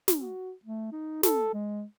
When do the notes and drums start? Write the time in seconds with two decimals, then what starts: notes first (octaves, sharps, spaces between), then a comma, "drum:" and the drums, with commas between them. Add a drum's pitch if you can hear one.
0.08 drum: snare
0.18 F#4
0.65 A3
0.92 D#4
1.23 A4, drum: snare
1.53 G#3